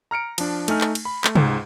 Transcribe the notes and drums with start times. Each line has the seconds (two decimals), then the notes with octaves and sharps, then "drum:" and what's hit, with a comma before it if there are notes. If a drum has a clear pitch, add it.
0.11 A#5 F6 C#7 D7
0.38 F3 D4, drum: cymbal
0.68 A3 D#4 G#5 F6, drum: cymbal
0.81 drum: clap
0.95 drum: cymbal
1.05 B5
1.24 A3, drum: clap
1.35 C#2 G#2, drum: tom C3